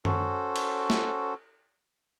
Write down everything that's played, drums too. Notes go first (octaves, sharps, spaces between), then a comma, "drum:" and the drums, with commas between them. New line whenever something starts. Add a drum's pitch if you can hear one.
C#4 F#4 A4 C5, drum: tom F#2
drum: cymbal
drum: snare